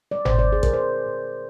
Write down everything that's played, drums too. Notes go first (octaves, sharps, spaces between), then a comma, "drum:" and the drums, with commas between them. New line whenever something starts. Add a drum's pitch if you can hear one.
G3 D5
C5, drum: tom G1
D3 D5
G#4
A#4, drum: kick
A#2 C5
A#2